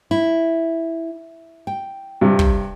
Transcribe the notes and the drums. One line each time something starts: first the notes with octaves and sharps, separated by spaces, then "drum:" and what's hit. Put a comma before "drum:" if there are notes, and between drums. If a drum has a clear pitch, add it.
E4
G5
G2 C3
drum: kick